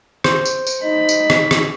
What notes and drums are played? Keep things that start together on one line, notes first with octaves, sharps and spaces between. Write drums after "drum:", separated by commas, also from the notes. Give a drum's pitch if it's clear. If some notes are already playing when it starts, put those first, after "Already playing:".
C5, drum: rim click
drum: tambourine
drum: tambourine
D#4 D#5 B5
drum: tambourine
drum: rim click
drum: rim click